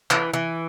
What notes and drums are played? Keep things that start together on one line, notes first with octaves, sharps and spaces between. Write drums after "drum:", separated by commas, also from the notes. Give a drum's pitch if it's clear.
E3, drum: clap
E3